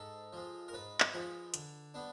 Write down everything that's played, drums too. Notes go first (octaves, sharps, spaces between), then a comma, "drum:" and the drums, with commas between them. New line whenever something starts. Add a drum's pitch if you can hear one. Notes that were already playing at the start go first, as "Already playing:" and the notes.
Already playing: G#2 A4
F3 G#3
A#4
G#2 B4
drum: clap
F3 G#3
D3, drum: hi-hat
G3 B3 D4